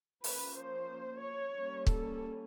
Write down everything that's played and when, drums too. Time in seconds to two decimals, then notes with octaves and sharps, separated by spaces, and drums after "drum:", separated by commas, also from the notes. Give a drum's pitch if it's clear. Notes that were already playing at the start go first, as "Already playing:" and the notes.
0.24 F3 A#3 C#4 B4, drum: open hi-hat
0.57 C5
1.22 C#5
1.55 G3 A#3 C#4
1.87 A4, drum: kick